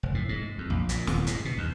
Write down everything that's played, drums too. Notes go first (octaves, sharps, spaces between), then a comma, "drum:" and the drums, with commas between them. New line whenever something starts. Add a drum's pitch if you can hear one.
F1
A2
G#2
F2
A#1
A#2, drum: hi-hat
D#1, drum: snare
G#2, drum: hi-hat
B2
D#2